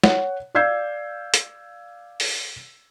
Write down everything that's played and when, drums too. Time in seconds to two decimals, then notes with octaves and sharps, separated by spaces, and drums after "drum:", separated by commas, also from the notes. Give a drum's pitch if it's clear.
0.04 C#5 F#5, drum: snare
0.55 D5 F5 E6 G6 G#6 C7
1.34 drum: hi-hat
2.20 drum: open hi-hat